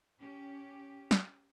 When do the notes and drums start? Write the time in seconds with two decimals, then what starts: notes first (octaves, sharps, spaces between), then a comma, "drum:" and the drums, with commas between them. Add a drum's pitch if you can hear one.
0.20 C#4 G4
1.11 drum: snare